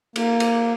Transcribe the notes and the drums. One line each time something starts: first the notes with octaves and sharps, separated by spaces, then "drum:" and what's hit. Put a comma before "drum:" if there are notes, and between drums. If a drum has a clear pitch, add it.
A#3, drum: cymbal
drum: cymbal